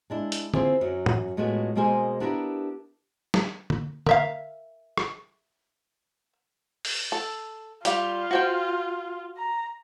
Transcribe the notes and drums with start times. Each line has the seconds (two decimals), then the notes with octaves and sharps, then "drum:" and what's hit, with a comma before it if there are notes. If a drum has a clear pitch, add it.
0.10 G#3 D4 E4
0.32 drum: hi-hat
0.54 C4 E4 F4 G#4, drum: tom
0.81 F#2 F#3
1.06 drum: tom
1.37 A2 G#3 B3 F4 F#4 G#4
1.76 B2 G#3 A#3 G#4 C5 G#5
2.20 B3 D4 E4 G4 G#4 A#4
3.34 drum: snare
3.70 drum: tom
4.06 A#4 E5 F5, drum: tom
4.98 drum: rim click
6.85 drum: open hi-hat
7.12 A4
7.85 G3 F4 G4 F5, drum: hi-hat
8.31 F#4 C5 G5
9.37 A#5